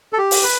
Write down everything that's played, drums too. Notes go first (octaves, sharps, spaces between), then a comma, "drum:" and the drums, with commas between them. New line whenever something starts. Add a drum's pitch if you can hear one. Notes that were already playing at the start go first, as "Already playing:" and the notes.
A4
G4
drum: open hi-hat
B4